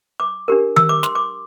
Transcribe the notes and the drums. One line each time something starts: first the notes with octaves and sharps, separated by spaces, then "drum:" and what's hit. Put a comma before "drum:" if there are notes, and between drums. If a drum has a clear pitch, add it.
D6
D4 G4 A#4
E6, drum: tom D#3
D6
C6, drum: snare
D6